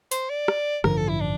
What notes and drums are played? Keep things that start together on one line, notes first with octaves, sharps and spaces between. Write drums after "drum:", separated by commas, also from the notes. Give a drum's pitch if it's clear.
C5, drum: hi-hat
D5
drum: rim click
A1 G2 D3 F3 A#4, drum: rim click
A4
E4
D4